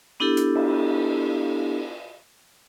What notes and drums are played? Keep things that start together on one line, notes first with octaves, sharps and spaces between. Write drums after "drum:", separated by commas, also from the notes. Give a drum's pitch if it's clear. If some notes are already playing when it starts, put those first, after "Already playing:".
B3 D4 E4 G4 A4
drum: hi-hat
drum: cymbal